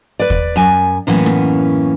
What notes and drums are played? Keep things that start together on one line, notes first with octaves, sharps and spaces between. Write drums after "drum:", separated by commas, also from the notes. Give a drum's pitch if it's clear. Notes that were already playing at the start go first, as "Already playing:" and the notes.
B4 D5
drum: kick
F#2 G#5
F#2 A2 E3 A#3 B3 C#4
drum: rim click